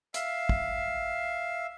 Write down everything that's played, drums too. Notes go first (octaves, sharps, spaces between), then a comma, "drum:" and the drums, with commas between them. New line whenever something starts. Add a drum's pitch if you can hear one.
E5 F5, drum: hi-hat
drum: kick